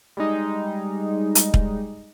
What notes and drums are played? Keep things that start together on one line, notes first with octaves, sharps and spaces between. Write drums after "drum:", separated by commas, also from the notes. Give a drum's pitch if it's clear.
G3 G#3 D#4
drum: hi-hat
drum: kick